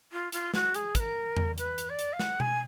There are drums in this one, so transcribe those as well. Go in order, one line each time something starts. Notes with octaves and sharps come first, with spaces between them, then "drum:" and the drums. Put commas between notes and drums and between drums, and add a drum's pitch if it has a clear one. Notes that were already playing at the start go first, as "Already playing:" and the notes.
F4
F4, drum: hi-hat
F#4, drum: snare
G#4, drum: hi-hat
B4, drum: kick, hi-hat
A#4
drum: tom E2
B4, drum: hi-hat
drum: hi-hat
D5
drum: hi-hat
F5
F#5, drum: snare
G#5, drum: tom B2